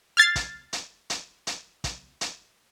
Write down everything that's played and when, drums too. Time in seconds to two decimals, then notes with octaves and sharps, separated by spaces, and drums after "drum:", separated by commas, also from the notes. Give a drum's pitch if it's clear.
0.17 F6 G#6 A6 C7
0.36 drum: kick, hi-hat
0.73 drum: hi-hat
1.10 drum: hi-hat
1.47 drum: hi-hat
1.84 drum: kick, hi-hat
2.21 drum: hi-hat